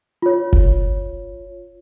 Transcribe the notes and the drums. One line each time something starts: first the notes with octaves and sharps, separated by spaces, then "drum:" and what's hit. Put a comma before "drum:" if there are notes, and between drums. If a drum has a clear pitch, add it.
F4 C#5
drum: kick